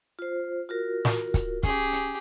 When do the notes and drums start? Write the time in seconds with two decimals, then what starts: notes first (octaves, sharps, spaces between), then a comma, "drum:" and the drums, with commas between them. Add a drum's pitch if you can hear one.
0.19 F4 C5
0.69 F4 F#4 A#4
1.05 drum: snare
1.34 drum: kick, hi-hat
1.63 C#4 G4 G#4, drum: kick, hi-hat
1.93 drum: hi-hat